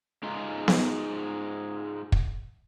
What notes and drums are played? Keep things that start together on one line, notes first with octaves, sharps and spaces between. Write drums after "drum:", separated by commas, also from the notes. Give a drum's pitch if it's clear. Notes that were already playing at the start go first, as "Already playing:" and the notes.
G#2 G#3 D#4 F4
drum: snare B3
drum: kick